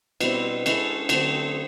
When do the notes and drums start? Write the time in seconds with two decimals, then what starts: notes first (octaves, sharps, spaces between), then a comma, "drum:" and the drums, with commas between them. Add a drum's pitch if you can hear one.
0.21 B2 G3 C4 E4, drum: cymbal
0.66 G#3 C#4 E4 A4, drum: cymbal
1.09 D3 F#3 A3 C4, drum: cymbal